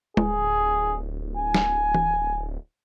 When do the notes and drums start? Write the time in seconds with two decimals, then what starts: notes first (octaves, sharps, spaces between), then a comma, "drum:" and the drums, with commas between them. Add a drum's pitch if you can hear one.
0.17 D1 G#4, drum: tom
1.37 G#5
1.54 drum: snare
1.94 drum: tom E3